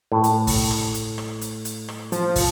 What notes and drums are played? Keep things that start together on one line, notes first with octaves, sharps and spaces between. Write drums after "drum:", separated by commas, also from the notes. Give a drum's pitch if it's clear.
A2
drum: hi-hat
drum: kick, open hi-hat
drum: rim click
drum: hi-hat
drum: rim click
drum: hi-hat
drum: hi-hat
drum: rim click
F3, drum: hi-hat
drum: kick, open hi-hat